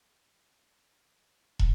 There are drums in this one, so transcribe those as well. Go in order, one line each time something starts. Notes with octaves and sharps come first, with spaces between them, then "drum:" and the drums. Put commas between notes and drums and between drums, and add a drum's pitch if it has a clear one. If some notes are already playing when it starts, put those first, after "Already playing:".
Already playing: E4
F#4
A4
F#4
drum: kick